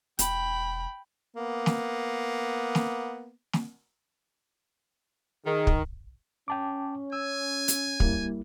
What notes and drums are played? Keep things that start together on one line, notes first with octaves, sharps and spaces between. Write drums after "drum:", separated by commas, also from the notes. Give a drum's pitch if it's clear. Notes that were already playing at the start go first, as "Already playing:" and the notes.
E1 G5 B5, drum: hi-hat
A#3 B3
drum: snare
drum: snare
drum: snare
D#3 G#4
drum: kick
C#4 G5 A5 D6
G#5 E6
drum: hi-hat
G3 A#3 E4, drum: kick